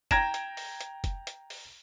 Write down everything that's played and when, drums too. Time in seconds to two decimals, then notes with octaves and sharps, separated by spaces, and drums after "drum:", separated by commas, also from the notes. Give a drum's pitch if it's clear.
0.11 G5 A#5 G#6 A#6 D7 E7, drum: kick F1, hi-hat
0.34 drum: hi-hat
0.57 drum: open hi-hat
0.81 drum: hi-hat
1.04 drum: kick F1, hi-hat
1.27 drum: hi-hat
1.50 drum: open hi-hat